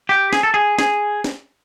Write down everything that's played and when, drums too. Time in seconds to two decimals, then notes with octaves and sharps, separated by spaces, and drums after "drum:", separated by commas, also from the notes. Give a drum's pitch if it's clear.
0.09 G4
0.33 G#4, drum: snare
0.43 A4
0.54 G#4
0.79 G#4, drum: snare
1.24 drum: snare